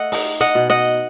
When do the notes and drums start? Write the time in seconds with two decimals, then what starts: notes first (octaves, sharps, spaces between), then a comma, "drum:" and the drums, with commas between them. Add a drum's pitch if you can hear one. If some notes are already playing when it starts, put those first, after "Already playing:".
Already playing: A3 D#5 F#5
0.12 D#4, drum: open hi-hat
0.40 D#5 F#5, drum: hi-hat
0.55 B2
0.70 D#5 F#5